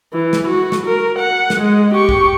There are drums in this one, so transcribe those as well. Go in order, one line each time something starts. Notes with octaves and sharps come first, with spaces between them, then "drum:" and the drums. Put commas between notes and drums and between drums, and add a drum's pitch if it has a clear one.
E3
drum: snare
F#4
drum: snare
A#4
F#5
drum: snare
G#3
G4 C#6
drum: kick A#1